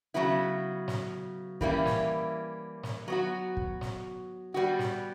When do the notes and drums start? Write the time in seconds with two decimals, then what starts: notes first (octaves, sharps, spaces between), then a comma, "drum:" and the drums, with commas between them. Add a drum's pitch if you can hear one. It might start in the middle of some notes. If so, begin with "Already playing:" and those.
0.14 C#3 F#3 B3 E4
0.88 drum: snare
1.61 E3 G3 A#3 C#4 E4, drum: kick
1.86 drum: snare
2.83 drum: snare
3.08 F#3 B3 F#4
3.57 drum: kick
3.81 drum: snare
4.54 G3 B3 F#4
4.79 drum: snare